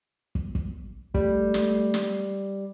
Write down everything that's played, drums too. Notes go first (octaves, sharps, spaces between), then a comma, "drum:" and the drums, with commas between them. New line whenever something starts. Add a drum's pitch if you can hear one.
drum: kick
drum: kick
G3 A3, drum: kick
drum: snare
drum: snare